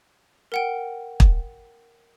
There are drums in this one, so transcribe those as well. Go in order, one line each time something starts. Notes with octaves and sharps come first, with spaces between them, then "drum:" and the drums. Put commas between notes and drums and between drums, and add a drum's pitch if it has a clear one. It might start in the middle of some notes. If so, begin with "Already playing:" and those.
A#4 F#5 G5
drum: kick